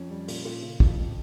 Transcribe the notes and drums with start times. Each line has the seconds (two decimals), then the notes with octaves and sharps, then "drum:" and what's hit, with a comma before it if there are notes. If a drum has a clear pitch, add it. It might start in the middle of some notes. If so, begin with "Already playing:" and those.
Already playing: F2 C#4
0.10 G3
0.28 A#2, drum: open hi-hat
0.45 A#2
0.62 C#3
0.80 F2, drum: kick
0.97 F2